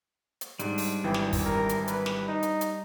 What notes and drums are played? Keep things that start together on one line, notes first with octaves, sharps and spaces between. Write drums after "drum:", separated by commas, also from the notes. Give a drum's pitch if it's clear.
drum: hi-hat
G#2 G3 D4, drum: hi-hat
drum: open hi-hat
G#1 E3 G5
drum: snare
drum: kick, open hi-hat
A#4
drum: hi-hat
B4, drum: hi-hat
drum: snare
D#4
drum: hi-hat
drum: hi-hat